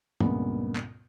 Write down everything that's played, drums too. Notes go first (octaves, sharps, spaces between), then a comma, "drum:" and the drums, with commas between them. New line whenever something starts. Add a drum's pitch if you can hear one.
C#2 G2 A#2 C#3 B3, drum: tom
drum: clap